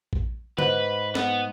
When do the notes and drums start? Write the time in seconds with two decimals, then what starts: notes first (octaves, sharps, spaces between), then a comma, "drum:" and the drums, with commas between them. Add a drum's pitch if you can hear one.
0.13 drum: kick A#1
0.58 G#2 B4, drum: tom
1.15 B3, drum: snare